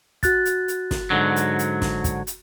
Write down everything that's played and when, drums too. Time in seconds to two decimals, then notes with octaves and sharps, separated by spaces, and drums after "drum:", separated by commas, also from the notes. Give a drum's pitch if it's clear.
0.23 F#4 F#6 A6, drum: kick, hi-hat
0.45 drum: hi-hat
0.68 drum: hi-hat
0.91 drum: snare
1.10 G#2 D3 F#3
1.36 drum: hi-hat
1.59 drum: hi-hat
1.82 drum: snare
2.04 drum: kick, hi-hat
2.27 drum: hi-hat